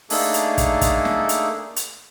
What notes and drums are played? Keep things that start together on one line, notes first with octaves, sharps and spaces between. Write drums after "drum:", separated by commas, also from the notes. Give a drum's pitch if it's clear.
A3 A#3 D4 D#4 G#4 A4, drum: open hi-hat
drum: hi-hat
drum: kick, hi-hat
drum: kick, hi-hat
drum: snare
drum: hi-hat
drum: hi-hat